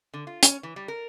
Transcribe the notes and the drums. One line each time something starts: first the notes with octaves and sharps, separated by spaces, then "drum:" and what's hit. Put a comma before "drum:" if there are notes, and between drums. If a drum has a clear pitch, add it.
D3
F4
C#4, drum: hi-hat
E3
G3
A#4